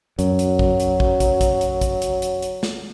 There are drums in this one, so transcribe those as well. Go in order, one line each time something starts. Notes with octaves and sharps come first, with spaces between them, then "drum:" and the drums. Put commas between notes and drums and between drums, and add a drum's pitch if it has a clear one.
F#2 F#3, drum: hi-hat
drum: hi-hat
drum: kick
drum: hi-hat
drum: kick
drum: kick, hi-hat
drum: kick, hi-hat
drum: hi-hat
drum: kick, hi-hat
drum: hi-hat
drum: hi-hat
drum: hi-hat
drum: snare